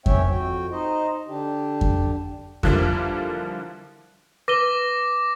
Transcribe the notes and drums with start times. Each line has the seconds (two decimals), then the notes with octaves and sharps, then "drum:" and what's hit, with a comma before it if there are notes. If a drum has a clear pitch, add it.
0.06 D#2 C3 C#4 C#5 E5 G5, drum: kick F2
0.30 F2 F#4 G5
0.71 D#4 C5 D#5
1.28 D3 D4 G4
1.81 drum: kick F2
2.63 D3 E3 F3 G3 A#3, drum: kick F2
4.48 B4 D6 A#6 D#7 G7